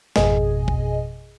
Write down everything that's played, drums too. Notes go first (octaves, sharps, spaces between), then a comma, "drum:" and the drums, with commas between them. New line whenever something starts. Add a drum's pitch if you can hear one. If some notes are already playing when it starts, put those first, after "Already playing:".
G#1 F2 B2 G#4 D#5 G#5, drum: snare
drum: kick C2